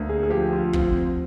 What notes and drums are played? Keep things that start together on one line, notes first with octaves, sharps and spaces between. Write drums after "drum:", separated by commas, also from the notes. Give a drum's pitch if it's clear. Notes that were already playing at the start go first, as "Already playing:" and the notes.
Already playing: D2 A#3
G#4
G#4
F3 G4
F4
C4 F4, drum: kick